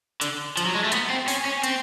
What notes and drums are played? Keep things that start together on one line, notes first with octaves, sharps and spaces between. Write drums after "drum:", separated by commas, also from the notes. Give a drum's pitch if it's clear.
D3, drum: hi-hat
F3, drum: hi-hat
F#3
G#3
A3
B3, drum: hi-hat
C4
C#4, drum: open hi-hat
C#4
C4, drum: hi-hat